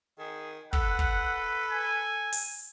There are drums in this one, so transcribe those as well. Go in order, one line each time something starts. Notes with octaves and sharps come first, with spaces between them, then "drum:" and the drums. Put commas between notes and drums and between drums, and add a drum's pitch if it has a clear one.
D#3 G#4
A4 B4 F#5, drum: kick
drum: kick
G#5
drum: open hi-hat